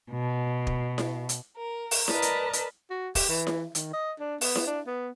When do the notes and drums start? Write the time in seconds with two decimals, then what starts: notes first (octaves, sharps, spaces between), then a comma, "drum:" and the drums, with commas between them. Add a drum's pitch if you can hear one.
0.11 B2
0.67 drum: kick
0.98 drum: snare E4
1.29 drum: hi-hat
1.56 A#4
1.91 drum: open hi-hat
2.08 A#4 B4 D5 D#5 A5 A#5, drum: snare E4
2.22 drum: hi-hat
2.53 drum: hi-hat
2.90 F#4
3.15 G4, drum: kick, open hi-hat
3.29 E3
3.47 drum: snare E4
3.75 D#3, drum: hi-hat
3.93 D#5
4.20 D4
4.41 B3, drum: open hi-hat
4.55 drum: snare E4
4.67 D4
4.87 B3